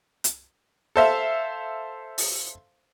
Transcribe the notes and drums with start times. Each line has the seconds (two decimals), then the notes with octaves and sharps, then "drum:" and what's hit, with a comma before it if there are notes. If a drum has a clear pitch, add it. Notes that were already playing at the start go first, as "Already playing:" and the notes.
0.24 drum: hi-hat
0.96 A4 C5 E5 F5
2.18 drum: open hi-hat